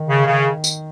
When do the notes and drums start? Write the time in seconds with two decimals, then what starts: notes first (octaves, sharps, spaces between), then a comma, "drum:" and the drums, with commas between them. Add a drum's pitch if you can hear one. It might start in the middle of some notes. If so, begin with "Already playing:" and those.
Already playing: D#3
0.08 C#3
0.27 C#3
0.64 drum: tambourine